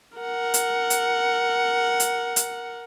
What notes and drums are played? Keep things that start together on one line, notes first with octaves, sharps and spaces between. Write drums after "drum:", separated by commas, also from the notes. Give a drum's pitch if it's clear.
A#4 F#5
drum: hi-hat
drum: hi-hat
drum: hi-hat
drum: hi-hat